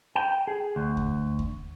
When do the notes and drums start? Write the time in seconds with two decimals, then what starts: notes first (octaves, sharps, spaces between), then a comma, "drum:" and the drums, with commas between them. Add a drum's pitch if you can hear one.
0.16 G5
0.47 G#4
0.76 D2
0.97 drum: kick D#2
1.39 drum: kick D#2